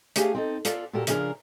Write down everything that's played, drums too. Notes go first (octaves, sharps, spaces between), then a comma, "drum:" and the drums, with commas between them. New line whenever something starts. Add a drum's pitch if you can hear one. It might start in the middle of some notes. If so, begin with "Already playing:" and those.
A3 D4 G4 G#4 F5 G#5, drum: hi-hat
C4 D#4 A4
F4 A4 D5, drum: hi-hat
A#2 F#4 G4 A4 A#4
C#3 F3 D4 G#4 A#4, drum: hi-hat